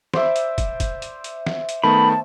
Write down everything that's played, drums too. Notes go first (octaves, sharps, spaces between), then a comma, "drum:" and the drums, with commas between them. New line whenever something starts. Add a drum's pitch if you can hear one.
C5 D5 E5, drum: snare
drum: hi-hat
drum: kick, hi-hat
drum: kick, hi-hat
drum: hi-hat
drum: hi-hat
drum: snare
drum: hi-hat
D#3 A3 B3 A5 B5